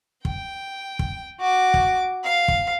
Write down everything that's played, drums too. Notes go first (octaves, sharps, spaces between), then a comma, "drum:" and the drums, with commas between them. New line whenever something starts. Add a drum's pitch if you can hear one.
G5, drum: kick
drum: kick
F#4 D6
drum: kick
F5
drum: kick